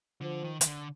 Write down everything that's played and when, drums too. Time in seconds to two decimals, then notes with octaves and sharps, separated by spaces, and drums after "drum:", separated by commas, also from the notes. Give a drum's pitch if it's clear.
0.21 D3 F3
0.44 D#3
0.61 D#3, drum: hi-hat
0.66 D3